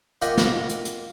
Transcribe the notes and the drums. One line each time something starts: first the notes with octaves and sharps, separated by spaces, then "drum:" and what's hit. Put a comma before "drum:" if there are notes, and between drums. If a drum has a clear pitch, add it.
A#3 F4 G4 D#5 F#5, drum: hi-hat
drum: snare
drum: hi-hat
drum: hi-hat